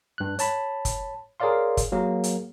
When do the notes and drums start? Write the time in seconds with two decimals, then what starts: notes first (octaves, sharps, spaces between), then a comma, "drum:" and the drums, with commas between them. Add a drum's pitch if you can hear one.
0.18 G2 F#6
0.39 C#5 A5 B5, drum: hi-hat
0.85 drum: kick, hi-hat
1.40 G#4 A#4 C#5 D5 F5 C6
1.77 drum: kick, hi-hat
1.92 F#3 A#3 G#4 A#4
2.24 drum: hi-hat